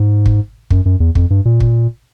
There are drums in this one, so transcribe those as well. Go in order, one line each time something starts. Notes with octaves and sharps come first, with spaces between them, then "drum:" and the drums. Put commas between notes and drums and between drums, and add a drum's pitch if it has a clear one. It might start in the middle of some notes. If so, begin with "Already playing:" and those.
Already playing: G#2
drum: kick
F#2, drum: kick
F#2
E2
F2, drum: kick
G2
A#2
drum: kick